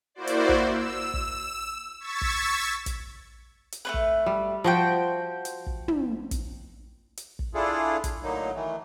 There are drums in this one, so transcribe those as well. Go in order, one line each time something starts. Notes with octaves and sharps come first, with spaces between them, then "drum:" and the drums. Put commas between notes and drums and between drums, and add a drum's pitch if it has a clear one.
A#3 E4 F#4 C5 D5
drum: hi-hat
drum: kick
E6
drum: kick
C#6 E6 G#6 A6 B6
drum: kick
drum: kick, hi-hat
drum: hi-hat
A3 C4 B4
drum: kick
G3
F3 F#4 C5 G5
drum: hi-hat
drum: kick
drum: tom
drum: kick, hi-hat
drum: hi-hat
drum: kick
D4 E4 F4 G#4 A4
drum: kick, hi-hat
A2 D3 F#3 A#3 D#4
D#3 E3 A3